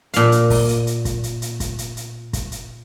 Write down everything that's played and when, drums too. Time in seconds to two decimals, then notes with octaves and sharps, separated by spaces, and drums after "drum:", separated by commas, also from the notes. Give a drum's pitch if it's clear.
0.14 A#2 F5, drum: hi-hat
0.32 drum: hi-hat
0.50 drum: kick, open hi-hat
0.69 drum: hi-hat
0.87 drum: hi-hat
1.05 drum: kick, hi-hat
1.23 drum: hi-hat
1.42 drum: hi-hat
1.60 drum: kick, hi-hat
1.78 drum: hi-hat
1.97 drum: hi-hat
2.33 drum: kick, hi-hat
2.52 drum: hi-hat